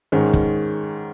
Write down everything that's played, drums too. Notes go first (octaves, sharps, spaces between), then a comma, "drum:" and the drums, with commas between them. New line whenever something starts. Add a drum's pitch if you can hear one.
G#2 D#3 G#3 C#4
drum: kick